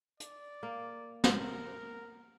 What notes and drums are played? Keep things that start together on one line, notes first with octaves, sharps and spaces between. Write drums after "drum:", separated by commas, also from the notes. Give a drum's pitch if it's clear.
D5, drum: hi-hat
A#3
A#4 F#5, drum: snare